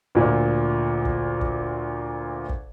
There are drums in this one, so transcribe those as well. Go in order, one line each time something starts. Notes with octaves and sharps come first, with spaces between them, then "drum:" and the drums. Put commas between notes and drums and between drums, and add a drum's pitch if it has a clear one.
D2 A#2
drum: kick
drum: kick
drum: kick